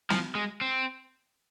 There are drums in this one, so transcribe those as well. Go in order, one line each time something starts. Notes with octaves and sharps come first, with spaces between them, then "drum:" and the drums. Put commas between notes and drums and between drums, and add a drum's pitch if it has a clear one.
F3, drum: snare
G#3
C4